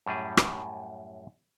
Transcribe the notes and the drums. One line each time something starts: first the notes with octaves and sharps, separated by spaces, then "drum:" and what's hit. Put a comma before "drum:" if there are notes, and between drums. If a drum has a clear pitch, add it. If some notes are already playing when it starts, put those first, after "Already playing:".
F#2 A2 G3 G#4
drum: rim click